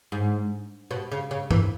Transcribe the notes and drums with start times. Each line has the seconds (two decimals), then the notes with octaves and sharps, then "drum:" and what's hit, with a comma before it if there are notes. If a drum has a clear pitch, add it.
0.12 G#2
0.91 B2
1.12 C#3
1.31 C#3
1.51 E3, drum: tom G2